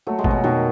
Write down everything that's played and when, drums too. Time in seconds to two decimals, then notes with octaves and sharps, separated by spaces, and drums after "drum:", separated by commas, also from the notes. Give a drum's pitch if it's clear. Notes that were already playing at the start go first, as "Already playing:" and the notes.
0.07 F#3 A3
0.19 G#3
0.24 B2, drum: kick G#1
0.31 F#3
0.44 B2 D#3